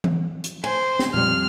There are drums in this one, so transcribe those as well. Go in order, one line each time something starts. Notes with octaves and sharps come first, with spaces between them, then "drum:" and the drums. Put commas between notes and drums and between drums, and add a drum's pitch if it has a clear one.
drum: tom E3
drum: hi-hat
C5 G#5, drum: cymbal
drum: snare
F2 G3 F6, drum: tom A#2